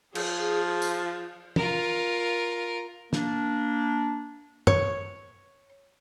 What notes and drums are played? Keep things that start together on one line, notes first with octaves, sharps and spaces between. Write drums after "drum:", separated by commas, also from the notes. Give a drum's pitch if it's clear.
F3 G#4, drum: cymbal
drum: tambourine
F4 A#4, drum: tom
A#3 D4, drum: snare
C#5, drum: tom